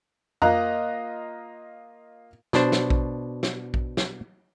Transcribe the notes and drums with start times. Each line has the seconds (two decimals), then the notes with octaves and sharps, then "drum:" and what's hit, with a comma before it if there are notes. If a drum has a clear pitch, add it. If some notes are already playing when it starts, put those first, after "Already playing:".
0.42 A#3 F4 D#5 A#5 F#6, drum: tom F2
2.53 B2 D4 C5, drum: snare
2.72 drum: snare
2.90 drum: kick A#1
3.43 drum: snare
3.74 drum: kick A#1
3.97 drum: snare